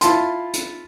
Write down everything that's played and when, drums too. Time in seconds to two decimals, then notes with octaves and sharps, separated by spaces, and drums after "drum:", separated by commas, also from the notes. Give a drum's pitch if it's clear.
0.01 E4 F4 A5 C6, drum: hi-hat
0.54 drum: hi-hat